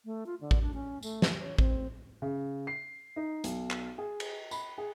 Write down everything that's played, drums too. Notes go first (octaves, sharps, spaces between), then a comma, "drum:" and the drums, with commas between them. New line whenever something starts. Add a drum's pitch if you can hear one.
A3
F4
D3
drum: kick A1
D4
C#4
A3, drum: tambourine
drum: snare
C#5
C4, drum: kick A1
C#3
C7
D#4
B1, drum: hi-hat
drum: clap
G#4
drum: cymbal
B5, drum: tambourine
G#4